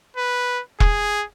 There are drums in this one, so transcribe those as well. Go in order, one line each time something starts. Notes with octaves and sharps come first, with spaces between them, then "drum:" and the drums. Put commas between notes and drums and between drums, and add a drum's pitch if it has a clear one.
B4
G#4, drum: kick E1